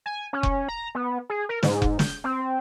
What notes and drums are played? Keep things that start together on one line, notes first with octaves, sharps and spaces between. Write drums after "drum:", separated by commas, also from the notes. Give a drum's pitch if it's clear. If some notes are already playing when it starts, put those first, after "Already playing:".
G#5
C#4
drum: kick F1
A#5
B3
G#4
A#4
G#2, drum: snare
drum: kick F1
G6, drum: snare
C4